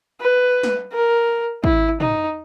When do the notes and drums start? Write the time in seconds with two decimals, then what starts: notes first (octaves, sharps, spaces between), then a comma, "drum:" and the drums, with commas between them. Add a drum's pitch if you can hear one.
0.21 B4
0.63 drum: snare
0.92 A#4
1.64 E4, drum: kick
2.00 D#4, drum: tom